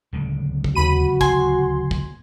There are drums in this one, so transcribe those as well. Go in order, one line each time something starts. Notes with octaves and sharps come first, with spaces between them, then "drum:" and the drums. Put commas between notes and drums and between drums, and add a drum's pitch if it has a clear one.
D1 C#2 D3
drum: kick
D#2 F#4 B5 D#7
G#5 C6, drum: kick
drum: kick